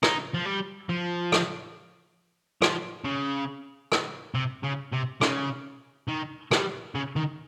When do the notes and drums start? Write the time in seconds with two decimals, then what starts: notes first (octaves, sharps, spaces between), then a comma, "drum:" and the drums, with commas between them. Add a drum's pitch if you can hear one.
0.03 D#4, drum: rim click
0.34 F3
0.46 G3
0.89 F3
1.32 drum: rim click
2.62 F3, drum: rim click
3.05 C#3
3.92 drum: rim click
4.35 C3
4.63 C#3
4.92 C3
5.21 C#3, drum: rim click
6.08 D#3
6.51 G3, drum: rim click
6.95 C#3
7.16 D#3